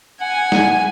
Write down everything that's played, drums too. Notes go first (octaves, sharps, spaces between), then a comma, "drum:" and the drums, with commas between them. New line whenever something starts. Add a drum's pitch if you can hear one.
F#5 G#5
drum: snare